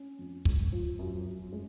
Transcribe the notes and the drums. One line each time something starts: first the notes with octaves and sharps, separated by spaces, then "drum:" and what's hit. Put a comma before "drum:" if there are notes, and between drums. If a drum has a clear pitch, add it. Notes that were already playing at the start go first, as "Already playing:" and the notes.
Already playing: C#4
F2
G#3, drum: kick
F3
F#2
F#2
G#3